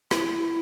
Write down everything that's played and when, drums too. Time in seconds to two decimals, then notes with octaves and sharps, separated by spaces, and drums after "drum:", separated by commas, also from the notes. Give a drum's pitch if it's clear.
0.11 E4, drum: rim click